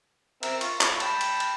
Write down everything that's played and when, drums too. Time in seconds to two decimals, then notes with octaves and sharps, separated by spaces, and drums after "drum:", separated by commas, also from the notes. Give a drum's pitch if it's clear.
0.43 C4 A#4 E5, drum: cymbal
0.61 F4 C#6, drum: cymbal
0.81 F4 C#5, drum: clap
1.00 G5 A5 B5, drum: cymbal
1.21 drum: cymbal
1.40 drum: cymbal